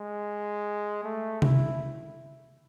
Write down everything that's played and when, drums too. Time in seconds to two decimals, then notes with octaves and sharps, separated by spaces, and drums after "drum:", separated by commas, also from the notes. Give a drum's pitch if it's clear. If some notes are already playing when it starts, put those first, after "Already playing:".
Already playing: G#3
1.04 A3
1.42 E4, drum: tom C3